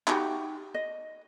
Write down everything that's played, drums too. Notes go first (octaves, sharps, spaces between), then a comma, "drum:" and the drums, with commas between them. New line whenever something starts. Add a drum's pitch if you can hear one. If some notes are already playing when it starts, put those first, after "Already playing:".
D#4 F#4 G4, drum: clap
D#5